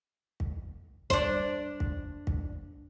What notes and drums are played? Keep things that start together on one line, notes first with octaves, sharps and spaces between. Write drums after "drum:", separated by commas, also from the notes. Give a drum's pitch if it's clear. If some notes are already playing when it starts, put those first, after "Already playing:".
drum: kick
D4 C5, drum: kick
drum: kick
drum: kick